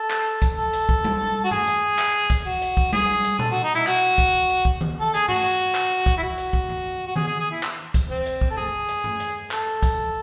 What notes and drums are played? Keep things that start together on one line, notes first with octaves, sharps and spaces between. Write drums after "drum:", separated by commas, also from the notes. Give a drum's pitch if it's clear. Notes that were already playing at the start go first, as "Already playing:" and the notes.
Already playing: A4
drum: clap
drum: kick, hi-hat
A4
drum: hi-hat
drum: kick
drum: tom G3
F#4
G#4, drum: tom G2
drum: hi-hat
drum: clap
drum: kick, hi-hat
F#4
drum: hi-hat
drum: kick
G#4, drum: tom G3
drum: hi-hat
A4, drum: tom A#2
F#4
D#4
E4
F#4, drum: clap
drum: kick, hi-hat
drum: hi-hat
drum: kick
drum: tom D#3
A4
G#4, drum: hi-hat
F#4, drum: tom G2
drum: hi-hat
drum: clap
drum: kick, hi-hat
E4
F#4
drum: hi-hat
drum: kick
drum: tom G2
F#4
G#4, drum: tom D#3
G#4
G#4
E4
drum: clap
drum: kick, hi-hat
C4
drum: hi-hat
drum: kick
A4
G#4, drum: tom G2
drum: hi-hat
drum: tom G2
drum: hi-hat
A4, drum: clap
drum: kick, hi-hat